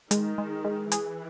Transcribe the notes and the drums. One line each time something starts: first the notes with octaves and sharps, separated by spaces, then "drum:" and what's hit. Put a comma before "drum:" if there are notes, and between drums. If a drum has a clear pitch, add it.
D#3 G#3, drum: hi-hat
G#3
G#3
E3 G#4, drum: hi-hat